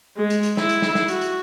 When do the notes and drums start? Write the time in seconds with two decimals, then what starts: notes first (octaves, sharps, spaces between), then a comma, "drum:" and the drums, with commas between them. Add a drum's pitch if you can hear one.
0.17 G#3
0.30 drum: hi-hat
0.43 drum: hi-hat
0.57 E4, drum: snare
0.69 drum: hi-hat
0.82 drum: snare
0.95 drum: snare
1.08 F#4, drum: hi-hat
1.21 drum: hi-hat